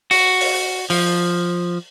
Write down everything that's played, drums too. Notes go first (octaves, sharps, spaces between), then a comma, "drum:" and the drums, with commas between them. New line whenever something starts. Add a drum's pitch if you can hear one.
F#4, drum: open hi-hat
drum: open hi-hat
F3, drum: open hi-hat